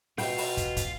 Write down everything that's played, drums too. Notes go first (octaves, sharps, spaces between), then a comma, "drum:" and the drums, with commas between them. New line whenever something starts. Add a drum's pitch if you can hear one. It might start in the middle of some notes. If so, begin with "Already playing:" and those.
B2 F4 G5, drum: open hi-hat
drum: open hi-hat
drum: kick, hi-hat
drum: kick, hi-hat